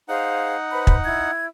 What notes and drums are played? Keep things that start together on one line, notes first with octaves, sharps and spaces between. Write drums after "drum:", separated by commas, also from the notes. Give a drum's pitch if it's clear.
D#4 G#4 C5 F5 F#5
B4 C5 B5
drum: kick
E4 G#6